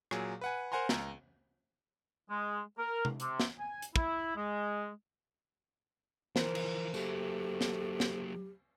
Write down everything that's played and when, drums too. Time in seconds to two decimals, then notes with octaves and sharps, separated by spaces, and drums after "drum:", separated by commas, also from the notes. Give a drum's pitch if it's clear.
0.11 A#2 F#3 G#4, drum: rim click
0.41 B4 F#5 G#5
0.72 A#4 C5 F#5 G#5 A#5 C6
0.89 C#2 A#5, drum: snare
2.30 G#3
2.78 A#4
3.05 drum: tom C3
3.20 C3, drum: hi-hat
3.40 drum: snare
3.59 G#5
3.82 drum: hi-hat
3.96 E4, drum: kick
4.36 G#3
6.36 E3 F3 A#4 C5, drum: snare
6.55 drum: cymbal
6.94 F#3 A3 A#3 G4, drum: tambourine
7.61 drum: snare
8.00 drum: snare